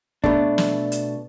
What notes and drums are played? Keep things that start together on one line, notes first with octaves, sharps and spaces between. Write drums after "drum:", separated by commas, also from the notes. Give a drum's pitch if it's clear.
B2 A3 D4, drum: kick
drum: snare
drum: hi-hat